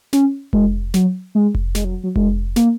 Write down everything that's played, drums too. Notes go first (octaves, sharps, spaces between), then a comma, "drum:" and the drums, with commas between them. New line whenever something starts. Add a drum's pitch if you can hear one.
C#4, drum: snare
G#3, drum: kick F1
F#3, drum: snare
G#3
drum: kick F1
G#3, drum: snare
F#3
F#3
G#3, drum: kick F1
A#3, drum: snare